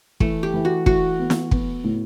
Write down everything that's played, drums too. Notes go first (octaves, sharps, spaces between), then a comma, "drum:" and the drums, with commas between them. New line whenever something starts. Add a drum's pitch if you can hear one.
E3 A3, drum: kick
G4
E3
F#4
E3 F#4, drum: kick
B3
drum: snare
B3, drum: kick
A2